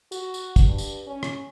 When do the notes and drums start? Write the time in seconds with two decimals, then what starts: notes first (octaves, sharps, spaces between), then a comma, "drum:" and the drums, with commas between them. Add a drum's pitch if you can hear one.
0.12 F#4, drum: tambourine
0.34 drum: tambourine
0.56 drum: kick, tambourine
0.66 G2
0.78 drum: tambourine
1.06 C#4
1.23 drum: rim click